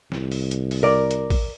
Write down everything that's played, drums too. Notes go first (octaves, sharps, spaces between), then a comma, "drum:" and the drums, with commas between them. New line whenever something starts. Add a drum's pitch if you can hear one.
C2, drum: snare
drum: open hi-hat
drum: hi-hat
drum: open hi-hat
A#4 D5
drum: hi-hat
drum: kick A1, open hi-hat